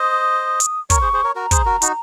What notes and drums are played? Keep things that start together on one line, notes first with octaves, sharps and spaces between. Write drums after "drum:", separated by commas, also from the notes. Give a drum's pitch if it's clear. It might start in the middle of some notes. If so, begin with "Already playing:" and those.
Already playing: C5 D#5 D#6
drum: hi-hat
A#4 C#5 C#6, drum: kick, hi-hat
G#4 C5
G#4 C5
A#4 C#5
F#4 A#4 A#5
G#4 C5, drum: kick, hi-hat
F#4 A#4
D#4 F#4, drum: hi-hat